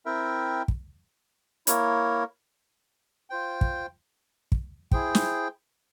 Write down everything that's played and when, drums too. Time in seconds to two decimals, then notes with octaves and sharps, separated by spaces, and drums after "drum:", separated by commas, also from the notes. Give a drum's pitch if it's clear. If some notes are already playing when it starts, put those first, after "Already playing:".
0.06 C4 E4 A#4 E5 G5
0.68 drum: kick
1.67 A#3 E4 A#4 C#5, drum: hi-hat
3.30 F4 C5 G5
3.61 drum: kick
4.52 drum: kick
4.91 E4 G#4 C5 G5, drum: kick
5.15 drum: snare